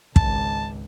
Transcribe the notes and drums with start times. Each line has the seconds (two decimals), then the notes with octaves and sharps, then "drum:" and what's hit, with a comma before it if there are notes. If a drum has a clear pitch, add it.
0.16 G#1 C#2 A5, drum: kick